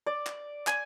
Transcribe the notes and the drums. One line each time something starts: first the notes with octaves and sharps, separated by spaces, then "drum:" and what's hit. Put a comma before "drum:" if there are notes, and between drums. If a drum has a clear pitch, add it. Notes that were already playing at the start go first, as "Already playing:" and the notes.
D5
drum: clap
G#5, drum: clap